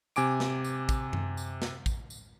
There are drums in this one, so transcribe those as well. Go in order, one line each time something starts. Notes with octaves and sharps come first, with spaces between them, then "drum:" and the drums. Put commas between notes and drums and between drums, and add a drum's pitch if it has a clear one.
C3 G#5 D6 D7, drum: tambourine
drum: snare
drum: tambourine
drum: kick, tambourine
drum: tom F#2
drum: tambourine
drum: snare
drum: kick, tambourine
drum: tambourine